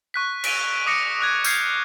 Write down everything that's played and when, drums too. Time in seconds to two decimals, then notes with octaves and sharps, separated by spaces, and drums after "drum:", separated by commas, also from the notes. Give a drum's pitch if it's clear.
0.14 C#6 F#6 B6
0.44 B6 D7 D#7 F7, drum: cymbal
0.86 D6 D#6 A#6 C#7 D7
1.21 D#6 F#6 G#6
1.44 F6 G6 G#6 C7, drum: tambourine